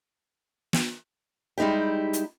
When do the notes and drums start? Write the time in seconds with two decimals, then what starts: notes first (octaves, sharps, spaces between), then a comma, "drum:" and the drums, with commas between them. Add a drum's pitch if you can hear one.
0.73 drum: snare
1.58 G3 G#3 D#4 E4 G4
2.13 drum: hi-hat